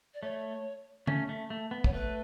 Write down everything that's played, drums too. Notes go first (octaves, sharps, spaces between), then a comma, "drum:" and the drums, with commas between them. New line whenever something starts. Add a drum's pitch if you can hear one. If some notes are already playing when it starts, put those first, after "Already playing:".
D5
A3 C#5
A3 C#4, drum: tom
A3
A3
B3
C#5, drum: kick
A3 B4